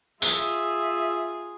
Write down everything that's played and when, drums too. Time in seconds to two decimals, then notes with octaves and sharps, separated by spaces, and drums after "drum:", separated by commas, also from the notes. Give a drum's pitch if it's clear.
0.22 F4 G#4 E5, drum: tambourine